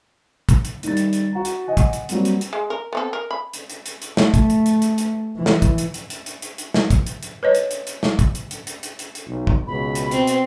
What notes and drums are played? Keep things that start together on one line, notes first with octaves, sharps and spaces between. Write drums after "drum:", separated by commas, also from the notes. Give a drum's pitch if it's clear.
drum: kick, hi-hat
drum: hi-hat
D#3 G3 A6, drum: hi-hat
drum: hi-hat
drum: hi-hat
F#4 A#5
drum: hi-hat
D#5 F#5 G#5
drum: kick, hi-hat
drum: hi-hat
F#3 G3 A#3 C4, drum: hi-hat
drum: hi-hat
drum: hi-hat
G#3
A#4
B3 C4 A4
A#4
B5
drum: hi-hat
drum: hi-hat
drum: hi-hat
drum: hi-hat
A3, drum: snare
drum: kick, hi-hat
drum: hi-hat
drum: hi-hat
drum: hi-hat
drum: hi-hat
E3
drum: snare
drum: kick, hi-hat
drum: hi-hat
drum: hi-hat
drum: hi-hat
drum: hi-hat
drum: hi-hat
drum: hi-hat
drum: snare
drum: kick, hi-hat
drum: hi-hat
drum: hi-hat
B4 C#5 D#5
drum: hi-hat
drum: hi-hat
drum: hi-hat
drum: snare
drum: kick, hi-hat
drum: hi-hat
drum: hi-hat
drum: hi-hat
drum: hi-hat
drum: hi-hat
drum: hi-hat
B1
drum: kick
C#2 B2 B5
drum: hi-hat
C4, drum: hi-hat
drum: hi-hat